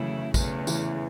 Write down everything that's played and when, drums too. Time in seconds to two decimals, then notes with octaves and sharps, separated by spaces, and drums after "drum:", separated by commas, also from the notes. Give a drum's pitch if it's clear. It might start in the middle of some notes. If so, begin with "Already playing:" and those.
Already playing: C#3 E3 F#3 A3 E4
0.34 E2 C#3 A3, drum: kick, tambourine
0.67 E3, drum: tambourine